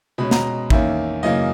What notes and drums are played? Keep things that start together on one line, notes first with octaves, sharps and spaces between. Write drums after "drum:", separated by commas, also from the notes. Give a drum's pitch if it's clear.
B2 G#3 C#4 B5
A#5, drum: snare
E2 D#3 A#3 C#4 E5, drum: kick
F#2 C#3 E3 A#3 D#5